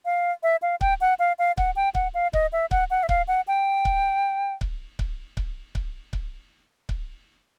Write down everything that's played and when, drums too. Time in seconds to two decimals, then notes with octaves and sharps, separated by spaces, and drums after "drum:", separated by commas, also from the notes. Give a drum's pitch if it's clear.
0.05 F5
0.43 E5
0.62 F5
0.81 G5, drum: kick C#1
1.01 F#5
1.19 F5
1.39 F5
1.58 F#5, drum: kick C#1
1.76 G5
1.95 F#5, drum: kick C#1
2.14 F5
2.33 D#5, drum: kick C#1
2.53 E5
2.71 F#5, drum: kick C#1
2.90 F#5
3.03 E5
3.09 F5, drum: kick C#1
3.28 F#5
3.48 G5
3.85 drum: kick C#1
4.61 drum: kick C#1
4.99 drum: kick C#1
5.37 drum: kick C#1
5.75 drum: kick C#1
6.13 drum: kick C#1
6.89 drum: kick C#1